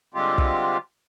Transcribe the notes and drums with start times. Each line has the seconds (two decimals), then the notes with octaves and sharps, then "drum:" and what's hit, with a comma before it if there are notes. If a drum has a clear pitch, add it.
0.14 D3 G3 G#3 C4 F4 G4
0.38 drum: kick